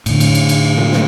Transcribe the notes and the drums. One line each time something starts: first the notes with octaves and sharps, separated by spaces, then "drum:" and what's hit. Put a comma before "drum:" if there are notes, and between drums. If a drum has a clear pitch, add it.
A2 D3, drum: cymbal
drum: cymbal
drum: cymbal
drum: cymbal
drum: tom A#2
drum: snare